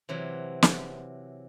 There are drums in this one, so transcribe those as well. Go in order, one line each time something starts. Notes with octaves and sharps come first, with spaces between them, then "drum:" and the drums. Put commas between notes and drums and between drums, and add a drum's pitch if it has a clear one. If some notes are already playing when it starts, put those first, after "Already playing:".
C3 E3 F#3
drum: snare